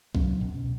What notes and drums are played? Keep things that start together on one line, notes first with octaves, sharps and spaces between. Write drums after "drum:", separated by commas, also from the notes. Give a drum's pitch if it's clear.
F#3 C#4, drum: kick C2
B2